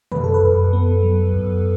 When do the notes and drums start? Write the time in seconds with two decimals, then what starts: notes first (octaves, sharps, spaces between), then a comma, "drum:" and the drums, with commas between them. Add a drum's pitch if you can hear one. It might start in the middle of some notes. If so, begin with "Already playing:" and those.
0.12 F#2 B4, drum: tom B2
0.24 A4
0.34 B4
0.43 F#2
0.73 B3
1.03 F#3
1.33 F#2